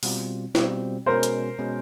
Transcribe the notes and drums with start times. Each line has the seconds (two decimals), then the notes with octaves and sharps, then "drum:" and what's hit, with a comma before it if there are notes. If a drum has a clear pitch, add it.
0.03 B2 G3 C4 F4, drum: open hi-hat
0.55 B2 G3 C4 F4, drum: snare
1.06 B2 G#3 C#4 A#4 C5
1.23 drum: hi-hat
1.59 B2 G#3 C#4